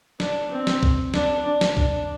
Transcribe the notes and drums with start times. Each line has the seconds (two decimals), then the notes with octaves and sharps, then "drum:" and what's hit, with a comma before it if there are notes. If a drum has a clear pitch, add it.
0.20 D4, drum: snare
0.51 C4
0.67 drum: snare
0.83 drum: kick
1.14 D4, drum: snare
1.46 D4
1.61 drum: snare
1.77 D4, drum: kick